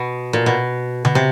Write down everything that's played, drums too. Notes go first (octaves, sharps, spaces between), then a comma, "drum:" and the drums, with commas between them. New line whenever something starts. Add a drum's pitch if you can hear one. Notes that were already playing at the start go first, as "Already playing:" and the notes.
Already playing: B2
A#2
B2
B2, drum: tom C#3
C3